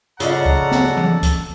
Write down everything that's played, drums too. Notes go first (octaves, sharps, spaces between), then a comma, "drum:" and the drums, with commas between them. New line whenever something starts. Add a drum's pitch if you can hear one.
C#3 F4 A4 D5 D#5 F#5 A5 A#5, drum: hi-hat
drum: kick C#2
drum: snare
drum: tom E3
drum: kick C#2, hi-hat